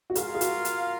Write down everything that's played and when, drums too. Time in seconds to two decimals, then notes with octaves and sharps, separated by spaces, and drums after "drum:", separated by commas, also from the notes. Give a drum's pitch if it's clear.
0.10 F#4
0.15 F4 G#4 A#4 F5, drum: hi-hat
0.35 G#4
0.41 F#4, drum: hi-hat
0.65 drum: hi-hat